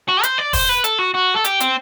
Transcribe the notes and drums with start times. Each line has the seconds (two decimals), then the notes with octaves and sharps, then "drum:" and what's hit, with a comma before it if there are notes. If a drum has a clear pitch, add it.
0.09 F#4
0.23 C5, drum: hi-hat
0.38 D5
0.53 C5, drum: kick, open hi-hat
0.69 B4
0.84 A4, drum: hi-hat
0.99 F#4
1.14 F#4
1.35 A4
1.45 G4, drum: hi-hat
1.60 C4, drum: hi-hat